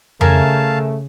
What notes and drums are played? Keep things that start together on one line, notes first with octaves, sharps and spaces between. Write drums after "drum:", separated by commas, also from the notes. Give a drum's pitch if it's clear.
C#3 A3 A#4 E5 F5 G#5 A5, drum: tom F2